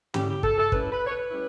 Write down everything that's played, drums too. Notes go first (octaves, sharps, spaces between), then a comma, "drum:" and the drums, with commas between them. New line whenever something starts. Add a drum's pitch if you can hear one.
A2 G3 C#4 E4 G4, drum: tom
G4
A4, drum: kick
A4
A2 G3 C#4 E4 B4, drum: kick
B4
C#5
B4
A2 G3 C#4 E4